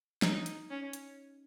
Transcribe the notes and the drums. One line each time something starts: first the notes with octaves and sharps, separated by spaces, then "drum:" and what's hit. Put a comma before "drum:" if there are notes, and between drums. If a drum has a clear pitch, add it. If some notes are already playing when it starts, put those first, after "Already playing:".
D#4, drum: snare
drum: hi-hat
C#4
drum: hi-hat